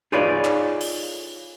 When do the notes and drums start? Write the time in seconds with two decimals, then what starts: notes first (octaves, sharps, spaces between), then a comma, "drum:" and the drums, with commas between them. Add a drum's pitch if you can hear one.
0.12 D#4 F4 G#4 B4 C#5 D5
0.45 drum: clap
0.81 drum: open hi-hat